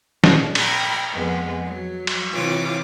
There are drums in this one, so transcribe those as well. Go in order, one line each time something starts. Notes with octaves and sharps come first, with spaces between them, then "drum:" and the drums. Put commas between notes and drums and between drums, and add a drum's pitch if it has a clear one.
A#2, drum: snare
G5 A#5 B5 F6, drum: cymbal
F2 G#3 B3
F#3
drum: cymbal
C3 E3 F4 C#5 D6